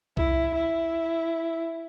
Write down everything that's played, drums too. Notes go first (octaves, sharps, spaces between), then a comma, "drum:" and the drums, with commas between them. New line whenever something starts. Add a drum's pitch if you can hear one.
E4, drum: kick C2
E4